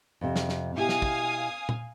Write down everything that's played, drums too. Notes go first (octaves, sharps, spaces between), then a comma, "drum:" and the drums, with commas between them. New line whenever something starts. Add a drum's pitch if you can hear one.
F2 C3
drum: snare
drum: snare
B2 E4 G4 F5 G#5 D#6
drum: snare
drum: kick
drum: tom A#2